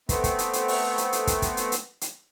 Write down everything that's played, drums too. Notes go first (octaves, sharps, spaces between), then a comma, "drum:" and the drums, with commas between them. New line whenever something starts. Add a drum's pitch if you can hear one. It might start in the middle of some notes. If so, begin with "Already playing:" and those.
A3 B3 C4, drum: kick, hi-hat
drum: kick, hi-hat
drum: hi-hat
drum: hi-hat
drum: open hi-hat
drum: hi-hat
drum: hi-hat
drum: kick, hi-hat
drum: kick, hi-hat
drum: hi-hat
drum: hi-hat
drum: hi-hat